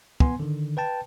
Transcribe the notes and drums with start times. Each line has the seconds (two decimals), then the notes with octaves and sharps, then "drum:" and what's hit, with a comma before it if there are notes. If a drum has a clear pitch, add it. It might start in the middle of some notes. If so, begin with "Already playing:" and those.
0.20 B3 G#5 C6, drum: kick
0.40 D3 D#3
0.77 B4 G5 A5